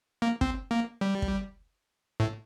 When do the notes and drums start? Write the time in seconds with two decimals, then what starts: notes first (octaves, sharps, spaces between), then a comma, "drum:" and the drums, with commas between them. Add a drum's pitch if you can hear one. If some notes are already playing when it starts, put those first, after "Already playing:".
0.22 A#3
0.41 C4, drum: kick
0.71 A#3
1.01 G3
1.22 drum: kick
2.20 A2